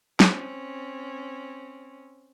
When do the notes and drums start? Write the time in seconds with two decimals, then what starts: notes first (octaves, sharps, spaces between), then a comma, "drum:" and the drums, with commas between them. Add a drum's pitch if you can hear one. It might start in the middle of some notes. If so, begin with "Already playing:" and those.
0.20 C4 C#4, drum: snare